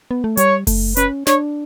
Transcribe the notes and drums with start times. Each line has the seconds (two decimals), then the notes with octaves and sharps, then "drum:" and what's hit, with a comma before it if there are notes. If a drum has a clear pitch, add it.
0.11 B3
0.24 A3
0.37 G3 C#5, drum: hi-hat
0.67 A3, drum: kick F#1, open hi-hat
0.96 C#4 B4, drum: hi-hat
1.27 D4 C#5, drum: snare